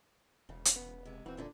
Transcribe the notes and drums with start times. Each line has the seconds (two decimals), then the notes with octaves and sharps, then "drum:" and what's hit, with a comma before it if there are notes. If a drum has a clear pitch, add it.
0.49 E1 C#3
0.65 drum: hi-hat
0.76 B3
1.05 C3 G#3
1.26 D#1 E3 C4 F#4
1.37 A#2 D3 D4